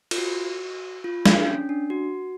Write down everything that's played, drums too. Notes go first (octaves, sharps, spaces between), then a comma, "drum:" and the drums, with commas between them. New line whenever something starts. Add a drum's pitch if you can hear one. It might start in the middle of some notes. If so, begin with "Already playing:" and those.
F4, drum: cymbal
F#4
F4
D4, drum: snare
C#4
D4
F#4